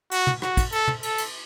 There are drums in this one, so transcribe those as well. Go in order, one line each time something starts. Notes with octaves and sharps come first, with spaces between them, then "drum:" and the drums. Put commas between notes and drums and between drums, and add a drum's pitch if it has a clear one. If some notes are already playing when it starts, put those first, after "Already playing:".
F#4, drum: cymbal
drum: tom
F#4, drum: rim click
drum: kick, cymbal
A4, drum: cymbal
drum: tom
A4, drum: cymbal
drum: cymbal